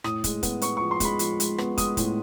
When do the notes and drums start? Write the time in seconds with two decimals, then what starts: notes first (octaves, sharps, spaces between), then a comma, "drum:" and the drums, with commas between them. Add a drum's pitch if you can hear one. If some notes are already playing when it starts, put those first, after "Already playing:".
0.04 A2 D#6, drum: rim click
0.24 G#3, drum: kick, hi-hat
0.43 B3, drum: kick, hi-hat
0.62 B3 C#6, drum: hi-hat
0.77 F3 C#6
0.91 C6
1.00 G#3 B5, drum: kick, hi-hat
1.19 F3, drum: hi-hat
1.40 G#3, drum: hi-hat
1.58 B3, drum: rim click
1.78 G#3 D#6, drum: kick, hi-hat
1.97 A2, drum: kick, hi-hat